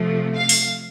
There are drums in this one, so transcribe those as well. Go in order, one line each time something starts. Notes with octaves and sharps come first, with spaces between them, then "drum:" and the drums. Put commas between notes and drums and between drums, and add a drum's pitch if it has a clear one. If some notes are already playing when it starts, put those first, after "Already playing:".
Already playing: C3 F3 A3
F5
drum: open hi-hat